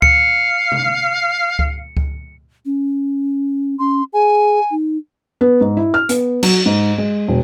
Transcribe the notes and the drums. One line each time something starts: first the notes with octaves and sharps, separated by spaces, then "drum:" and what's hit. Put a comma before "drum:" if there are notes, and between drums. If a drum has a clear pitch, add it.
F5 C#7, drum: kick C#2
drum: tom
drum: kick C#2
drum: kick C#2
C#4
C#4 C6
G#4 G#5
D#4
B3
G#2
E4
F6
B3, drum: hi-hat
F#3, drum: cymbal
G#2
G#3
E1